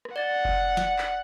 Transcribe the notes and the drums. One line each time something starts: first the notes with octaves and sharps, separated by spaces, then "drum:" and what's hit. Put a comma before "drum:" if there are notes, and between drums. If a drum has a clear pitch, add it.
drum: rim click
D5 F#5 A6
drum: kick F#1
drum: snare
drum: clap